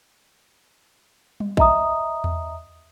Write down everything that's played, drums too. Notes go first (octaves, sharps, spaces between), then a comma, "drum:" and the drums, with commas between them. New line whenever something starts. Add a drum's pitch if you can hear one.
drum: tom G3
D#5 E5 A#5 D#6, drum: kick
drum: tom E2